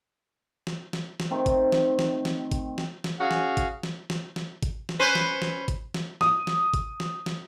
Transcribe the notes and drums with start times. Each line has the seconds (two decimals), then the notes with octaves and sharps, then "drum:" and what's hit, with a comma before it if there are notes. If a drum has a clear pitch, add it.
0.67 drum: snare
0.93 drum: snare
1.20 drum: snare
1.31 D#3 A3 C4
1.46 drum: kick, hi-hat
1.72 drum: snare
1.99 drum: snare
2.25 drum: snare
2.52 drum: kick, hi-hat
2.78 drum: snare
3.04 drum: snare
3.20 C#4 F#4 G#4 F5
3.31 drum: snare
3.57 drum: kick, hi-hat
3.83 drum: snare
4.10 drum: snare
4.36 drum: snare
4.63 drum: kick, hi-hat
4.89 drum: snare
4.99 C#4 B4 C5
5.15 drum: snare
5.42 drum: snare
5.68 drum: kick, hi-hat
5.94 drum: snare
6.21 D#6, drum: snare
6.47 drum: snare
6.74 drum: kick, hi-hat
7.00 drum: snare
7.26 drum: snare